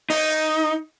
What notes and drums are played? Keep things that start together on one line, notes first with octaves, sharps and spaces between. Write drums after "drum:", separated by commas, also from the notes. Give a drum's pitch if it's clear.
D#4, drum: open hi-hat